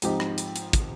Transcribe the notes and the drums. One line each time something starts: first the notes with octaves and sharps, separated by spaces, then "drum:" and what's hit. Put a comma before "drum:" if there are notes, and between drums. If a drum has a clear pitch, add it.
G#2 F3 C4 D#4 G4, drum: hi-hat
drum: rim click
drum: hi-hat
drum: hi-hat
drum: kick, hi-hat